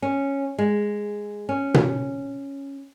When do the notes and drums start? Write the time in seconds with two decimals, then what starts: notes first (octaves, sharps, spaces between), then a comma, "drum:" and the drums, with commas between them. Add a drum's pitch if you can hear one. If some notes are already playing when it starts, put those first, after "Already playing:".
0.02 C#4
0.59 G#3
1.49 C#4
1.74 drum: tom B2